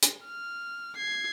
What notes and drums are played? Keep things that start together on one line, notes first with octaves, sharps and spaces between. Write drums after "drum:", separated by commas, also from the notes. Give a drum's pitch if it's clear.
drum: hi-hat
F6
G#6 C7